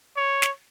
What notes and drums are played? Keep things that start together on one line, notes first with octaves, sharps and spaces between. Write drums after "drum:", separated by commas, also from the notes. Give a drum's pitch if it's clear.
C#5
drum: snare